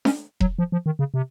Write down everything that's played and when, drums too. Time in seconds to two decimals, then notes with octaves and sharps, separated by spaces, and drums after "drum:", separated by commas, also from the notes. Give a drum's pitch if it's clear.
0.05 C#4, drum: snare D4
0.41 F#3, drum: kick E1
0.59 F3
0.72 F3
0.86 D#3
0.99 C#3
1.14 C3